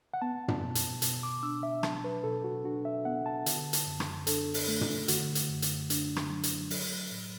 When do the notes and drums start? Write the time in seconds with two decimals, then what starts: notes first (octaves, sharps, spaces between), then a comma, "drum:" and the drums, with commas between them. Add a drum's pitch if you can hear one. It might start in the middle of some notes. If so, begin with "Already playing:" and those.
0.14 F#5
0.22 B3 A5
0.48 drum: tom
0.62 B2
0.75 drum: hi-hat
1.02 B2, drum: hi-hat
1.23 D6
1.43 D4 E6
1.63 E5
1.83 F#3 A5, drum: rim click
2.04 B4
2.24 B2 A4
2.44 F#4
2.64 D4 F#4
2.85 E5
3.05 B3 F#5
3.26 A5
3.46 D3, drum: hi-hat
3.73 drum: hi-hat
3.87 F#2
4.00 drum: rim click
4.27 D4 A4, drum: hi-hat
4.54 drum: open hi-hat
4.68 A3
4.81 drum: tom
5.08 D3 F#4, drum: hi-hat
5.35 drum: hi-hat
5.49 F#2
5.62 drum: hi-hat
5.90 D4, drum: hi-hat
6.16 drum: rim click
6.30 F#3
6.43 drum: hi-hat
6.70 F#3, drum: open hi-hat
7.11 A2